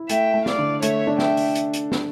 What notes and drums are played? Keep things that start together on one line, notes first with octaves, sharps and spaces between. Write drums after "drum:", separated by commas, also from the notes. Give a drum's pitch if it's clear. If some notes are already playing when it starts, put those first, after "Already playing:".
Already playing: E4
A3 E5 G5, drum: hi-hat
A3
D5 F5, drum: snare
D3
A3 C#5 E5, drum: hi-hat
D4
E5 G5, drum: snare
drum: open hi-hat
drum: hi-hat
drum: hi-hat
drum: snare